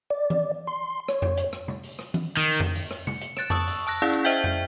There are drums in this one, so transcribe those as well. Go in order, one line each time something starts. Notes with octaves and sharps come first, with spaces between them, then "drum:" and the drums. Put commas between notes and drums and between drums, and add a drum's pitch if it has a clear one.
D5
drum: tom E3
C6
C#5, drum: rim click
drum: tom F2
drum: hi-hat
drum: rim click
drum: tom C3
drum: open hi-hat
drum: rim click
drum: tom E3
D#3
drum: tom F2
drum: open hi-hat
drum: rim click
C#7, drum: tom C3
drum: hi-hat
F#6 A6 D7 E7, drum: rim click
A5 C#6 D#6 E6, drum: tom F2
drum: open hi-hat
A5 E6 F#6 A#6
C#4 E4 G#4 D5 F5
drum: hi-hat
C5 D#5 E5 G5 G6 B6
drum: tom F2